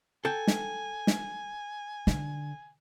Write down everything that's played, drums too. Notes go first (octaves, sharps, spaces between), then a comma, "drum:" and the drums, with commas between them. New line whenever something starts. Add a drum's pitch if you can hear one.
A4 G5 G#5
drum: snare
drum: snare
D3, drum: snare